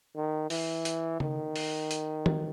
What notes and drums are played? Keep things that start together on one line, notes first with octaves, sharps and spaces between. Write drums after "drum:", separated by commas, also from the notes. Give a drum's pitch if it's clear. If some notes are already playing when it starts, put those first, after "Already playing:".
D#3
E3, drum: open hi-hat
drum: hi-hat
D#3, drum: tom C#3
drum: open hi-hat
drum: hi-hat
drum: tom D#3